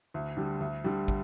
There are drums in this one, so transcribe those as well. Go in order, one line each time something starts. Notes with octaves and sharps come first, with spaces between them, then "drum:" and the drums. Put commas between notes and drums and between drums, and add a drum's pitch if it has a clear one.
D2
D3 G3
D2
D3 G3
drum: kick